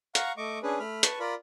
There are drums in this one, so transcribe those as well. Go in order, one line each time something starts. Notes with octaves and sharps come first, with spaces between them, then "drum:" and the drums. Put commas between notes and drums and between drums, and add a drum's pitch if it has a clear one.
F5 F#5 A#5 C#6, drum: hi-hat
A3 D#5 C#6 D6
C#4 D4 G#4 B4
A3 B5 F6
B4 A5 C#6, drum: hi-hat
F4 A#4 D5 B5